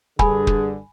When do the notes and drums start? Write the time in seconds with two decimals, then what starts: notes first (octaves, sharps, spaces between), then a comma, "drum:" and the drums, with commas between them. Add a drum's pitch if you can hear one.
0.19 G2 D3 G#4 G#5 B5, drum: kick
0.47 drum: kick